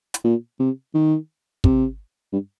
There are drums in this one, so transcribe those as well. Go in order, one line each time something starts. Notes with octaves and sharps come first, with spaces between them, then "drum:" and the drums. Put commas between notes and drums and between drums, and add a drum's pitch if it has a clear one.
drum: hi-hat
A#2
C3
D#3
C3, drum: kick
G2